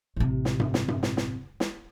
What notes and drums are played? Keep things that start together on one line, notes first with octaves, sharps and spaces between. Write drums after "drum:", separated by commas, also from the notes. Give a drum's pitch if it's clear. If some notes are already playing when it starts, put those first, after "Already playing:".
A1 C3
drum: snare
drum: tom G2
drum: snare
drum: tom G2
drum: snare
drum: snare
drum: snare